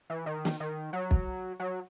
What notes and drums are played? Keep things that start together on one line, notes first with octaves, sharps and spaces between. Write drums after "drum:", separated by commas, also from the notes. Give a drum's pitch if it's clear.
E3
D#3
drum: snare
D#3
F#3
drum: kick
F#3